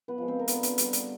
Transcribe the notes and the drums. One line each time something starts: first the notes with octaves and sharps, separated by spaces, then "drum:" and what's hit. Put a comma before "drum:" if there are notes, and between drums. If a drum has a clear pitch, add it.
B3 B4
F3 G#3
C4 C5
A#4
D3 B3 B4, drum: hi-hat
drum: hi-hat
G3, drum: hi-hat
drum: hi-hat